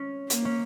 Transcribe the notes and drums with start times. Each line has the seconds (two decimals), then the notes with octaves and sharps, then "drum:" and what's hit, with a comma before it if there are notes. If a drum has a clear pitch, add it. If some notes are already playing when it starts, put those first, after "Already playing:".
Already playing: C#4
0.30 A#3, drum: hi-hat
0.45 C#4